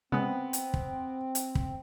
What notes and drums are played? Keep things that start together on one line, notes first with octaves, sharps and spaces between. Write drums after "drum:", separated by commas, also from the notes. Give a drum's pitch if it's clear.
C#3 G#3 B3 C4
drum: hi-hat
drum: kick
drum: hi-hat
drum: kick